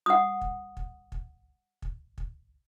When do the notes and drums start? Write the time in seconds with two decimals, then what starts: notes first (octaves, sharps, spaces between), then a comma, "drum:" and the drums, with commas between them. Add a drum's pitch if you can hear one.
0.06 F#5 D#6
0.41 drum: kick
0.77 drum: kick
1.12 drum: kick
1.82 drum: kick
2.18 drum: kick